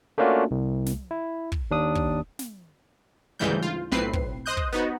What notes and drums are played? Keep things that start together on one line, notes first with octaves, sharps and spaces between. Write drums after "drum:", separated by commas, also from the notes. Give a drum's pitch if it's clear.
A3 A#3 C#4 D4 F4 F#4
C2
drum: snare
E4
drum: kick
D#2 D4 D#6
drum: kick
drum: snare
D2 G#2 C#3 E3 G3 G6
F4
B1 A2 C4 B4 C7
drum: kick
C5 D#5 D#6 F#6 G6
drum: kick
B3 D#4 F#4